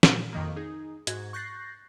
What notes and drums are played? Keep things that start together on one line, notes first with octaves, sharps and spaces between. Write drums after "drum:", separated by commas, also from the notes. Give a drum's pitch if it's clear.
A#2, drum: snare
F2 D#3 A#3
D#4 G#4
G#2 F#4 G#6, drum: hi-hat
C#6 F#6 G6 A6 A#6 C7